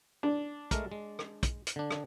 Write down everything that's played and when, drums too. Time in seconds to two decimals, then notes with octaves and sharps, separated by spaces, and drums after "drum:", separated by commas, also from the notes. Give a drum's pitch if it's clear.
0.23 D4
0.71 G#3 A3 A#4, drum: kick, hi-hat
0.92 G#3
1.19 drum: rim click
1.43 drum: kick, hi-hat
1.67 drum: hi-hat
1.76 D3 D4
1.91 drum: rim click